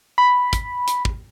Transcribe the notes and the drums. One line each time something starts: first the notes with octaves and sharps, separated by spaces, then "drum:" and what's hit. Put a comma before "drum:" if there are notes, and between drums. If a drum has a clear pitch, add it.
B5
drum: kick, hi-hat
drum: hi-hat
drum: kick